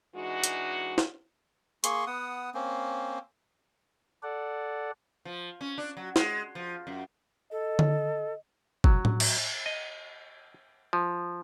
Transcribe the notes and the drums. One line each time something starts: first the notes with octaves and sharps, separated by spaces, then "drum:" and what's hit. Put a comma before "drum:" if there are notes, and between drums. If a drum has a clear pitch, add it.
E3 G#3 D4 D#4 F#4
drum: hi-hat
drum: snare
A#3 G#4 C6 C#6, drum: hi-hat
B3 F#5 D#6
A#3 C4 C#4
A4 D5 F#5
F3
C#4
D4
F#3
G#3, drum: snare
F3
F#2
A4 D#5
drum: tom D3
F#3, drum: kick F#1
drum: tom A2
drum: cymbal
D#5
F3